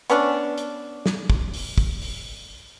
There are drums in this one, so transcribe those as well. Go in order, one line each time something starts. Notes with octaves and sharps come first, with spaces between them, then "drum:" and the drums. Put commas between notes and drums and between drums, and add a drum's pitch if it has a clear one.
B3 C#4 D4, drum: hi-hat
drum: hi-hat
drum: snare
drum: kick
drum: open hi-hat
drum: kick
drum: open hi-hat